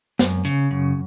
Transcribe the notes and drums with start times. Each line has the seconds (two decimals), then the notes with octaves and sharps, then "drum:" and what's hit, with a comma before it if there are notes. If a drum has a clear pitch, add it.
0.19 F#2, drum: snare
0.45 C#3, drum: hi-hat
0.71 F#2